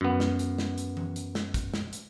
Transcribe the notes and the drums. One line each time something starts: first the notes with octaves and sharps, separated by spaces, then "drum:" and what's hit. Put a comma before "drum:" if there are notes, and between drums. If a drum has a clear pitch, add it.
F#2 B3
drum: snare
drum: hi-hat
drum: snare
drum: hi-hat
drum: tom E3
drum: hi-hat
drum: snare
drum: kick, hi-hat
drum: snare
drum: hi-hat